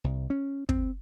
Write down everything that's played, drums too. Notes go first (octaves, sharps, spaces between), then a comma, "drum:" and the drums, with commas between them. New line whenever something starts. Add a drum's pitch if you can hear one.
C2
C#4
C4, drum: kick